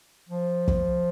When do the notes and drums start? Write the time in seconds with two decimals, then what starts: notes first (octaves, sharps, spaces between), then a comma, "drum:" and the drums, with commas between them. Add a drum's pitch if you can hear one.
0.29 F3
0.68 drum: kick